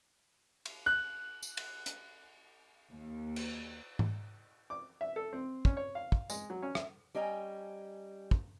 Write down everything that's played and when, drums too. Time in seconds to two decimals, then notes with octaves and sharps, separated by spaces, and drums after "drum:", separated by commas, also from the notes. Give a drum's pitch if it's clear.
0.65 drum: cymbal
0.86 F#6
1.43 drum: tambourine
1.57 drum: cymbal
1.86 drum: hi-hat
2.90 D#2
3.36 drum: cymbal
3.99 drum: tom G#2
4.70 D6
5.01 E5
5.16 A4
5.33 C4
5.65 C#4, drum: kick
5.77 C#5
5.95 F5
6.12 drum: kick
6.30 G#3, drum: tambourine
6.50 F#3
6.62 C#4
6.75 E5, drum: rim click
7.15 G3 C#4 D#5 G5 G#5 A#5
8.31 drum: kick